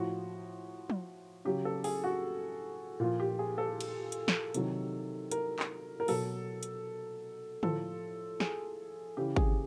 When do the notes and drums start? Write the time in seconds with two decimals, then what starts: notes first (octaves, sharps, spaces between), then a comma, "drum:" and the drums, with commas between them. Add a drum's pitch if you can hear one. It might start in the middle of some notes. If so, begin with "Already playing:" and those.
Already playing: A2 F3 F#4
0.90 drum: tom F3
1.45 C#3 F#3 G4
1.65 A4
1.84 G#4, drum: open hi-hat
2.04 F#4
3.00 A#2 F3 F4
3.20 G4
3.39 G#4
3.58 A4
3.81 drum: cymbal
4.12 drum: hi-hat
4.28 drum: snare
4.54 C3 D#3 F#3, drum: hi-hat
5.31 A#4, drum: hi-hat
5.59 drum: clap
6.00 A#4
6.08 B2 F#3 A4, drum: open hi-hat
6.63 drum: hi-hat
7.63 A2 F3 A4, drum: tom D3
8.40 G#4, drum: snare
9.17 C#3 E3 G4
9.36 G#4, drum: kick G#1